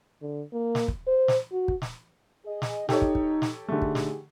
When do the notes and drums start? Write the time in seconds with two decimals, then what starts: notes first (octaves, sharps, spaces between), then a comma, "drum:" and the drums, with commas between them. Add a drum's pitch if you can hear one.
0.22 D3
0.52 A#3
0.75 drum: snare
0.88 drum: kick
1.07 C5
1.28 drum: snare
1.52 F#4
1.68 drum: kick
1.82 drum: snare
2.46 G#4 D#5
2.62 drum: snare
2.89 D#4 G4 A4 C#5, drum: snare
3.02 drum: kick
3.15 drum: kick
3.42 drum: snare
3.68 D3 A3 D#4 G4 G#4
3.82 drum: kick
3.95 drum: snare